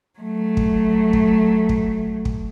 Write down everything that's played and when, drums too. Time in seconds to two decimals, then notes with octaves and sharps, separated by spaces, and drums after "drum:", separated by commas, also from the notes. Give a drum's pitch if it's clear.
0.20 F#3 A3
0.57 drum: kick
1.13 drum: kick
1.69 drum: kick
2.25 drum: kick